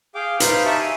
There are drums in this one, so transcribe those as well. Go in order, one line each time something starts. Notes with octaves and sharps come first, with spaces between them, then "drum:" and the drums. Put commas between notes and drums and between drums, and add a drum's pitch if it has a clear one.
G#4 F5 G5 D6
D#4 B4 C5 F5, drum: hi-hat
D#4 G4 E5 A5 C#6
G#5